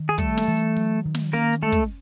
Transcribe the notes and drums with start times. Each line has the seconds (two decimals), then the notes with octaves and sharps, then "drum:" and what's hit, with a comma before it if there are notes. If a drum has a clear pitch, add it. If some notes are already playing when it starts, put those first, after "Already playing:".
Already playing: D#3
0.09 G#4
0.18 G3 A3 A4, drum: kick, hi-hat
0.37 drum: snare
0.48 E3
0.57 drum: hi-hat
0.77 F#3, drum: open hi-hat
1.05 D#3
1.14 drum: snare
1.33 A#3 C#4 A#4, drum: hi-hat
1.53 drum: hi-hat
1.63 G#3 A3 A4
1.72 drum: kick, hi-hat